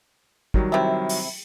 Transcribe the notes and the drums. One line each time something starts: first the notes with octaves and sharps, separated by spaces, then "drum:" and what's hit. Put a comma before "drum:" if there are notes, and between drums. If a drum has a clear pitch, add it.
D#3 F#3 G3, drum: kick
C3 E4
drum: open hi-hat